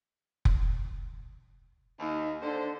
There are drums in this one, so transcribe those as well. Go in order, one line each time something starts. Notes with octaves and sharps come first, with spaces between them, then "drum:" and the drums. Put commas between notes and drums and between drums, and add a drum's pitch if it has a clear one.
drum: kick F1
D#2 D#4
D3 D4 C5